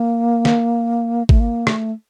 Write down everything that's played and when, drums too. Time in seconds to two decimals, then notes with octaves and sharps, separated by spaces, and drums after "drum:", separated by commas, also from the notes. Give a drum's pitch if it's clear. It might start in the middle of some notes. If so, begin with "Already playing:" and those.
Already playing: A#3
0.45 drum: snare
1.29 A3, drum: kick
1.40 A#3
1.67 A3, drum: rim click